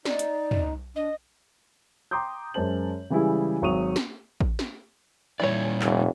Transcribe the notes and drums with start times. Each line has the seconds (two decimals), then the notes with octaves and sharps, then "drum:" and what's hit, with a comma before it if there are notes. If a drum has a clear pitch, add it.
0.05 D#4 D5, drum: snare
0.19 drum: hi-hat
0.51 drum: tom
0.95 D4 D#5
2.11 G5 A#5 C6 D6 D#6 G6
2.54 F#2 G#3 A#4 C5 A5 F#7
3.10 C#3 E3 G3 G#3 E4 G#4
3.62 G#1 F#3 C#6 D#6 D#7 F7
3.96 drum: snare
4.41 drum: kick A1
4.59 drum: snare
5.40 A#2 E3 G3 C#5 D5
5.81 F1, drum: clap